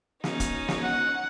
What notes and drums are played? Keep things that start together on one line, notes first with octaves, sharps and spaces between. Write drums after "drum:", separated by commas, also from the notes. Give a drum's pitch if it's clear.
C#4 D#4, drum: snare
drum: kick D#1, hi-hat
drum: snare
F#5